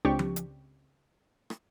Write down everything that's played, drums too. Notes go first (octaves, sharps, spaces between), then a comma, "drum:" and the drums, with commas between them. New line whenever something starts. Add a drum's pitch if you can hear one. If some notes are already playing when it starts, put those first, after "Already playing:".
C#2 C4 D4 G4 D5 C#6
drum: tom F3
drum: hi-hat
drum: rim click